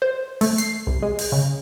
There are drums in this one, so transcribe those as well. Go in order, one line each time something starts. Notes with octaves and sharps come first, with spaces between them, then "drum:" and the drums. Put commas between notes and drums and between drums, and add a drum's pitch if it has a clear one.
C5
A3, drum: open hi-hat
C7, drum: hi-hat
C2
G#3
drum: open hi-hat
C#3